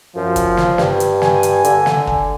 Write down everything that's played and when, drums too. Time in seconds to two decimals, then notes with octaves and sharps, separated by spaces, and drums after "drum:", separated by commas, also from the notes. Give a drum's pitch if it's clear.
0.16 F#2 F3
0.36 drum: kick, hi-hat
0.57 drum: snare
0.78 G2, drum: snare
1.00 drum: hi-hat
1.22 G#5, drum: snare
1.43 drum: hi-hat
1.64 D3, drum: hi-hat
1.86 drum: snare
2.07 drum: kick